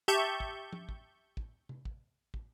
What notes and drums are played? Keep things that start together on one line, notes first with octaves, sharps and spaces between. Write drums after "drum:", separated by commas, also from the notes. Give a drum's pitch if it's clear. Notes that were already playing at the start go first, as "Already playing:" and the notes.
G4 E5 A5 C#6 G6
drum: kick
drum: tom
drum: kick
drum: kick
drum: tom C3
drum: kick
drum: kick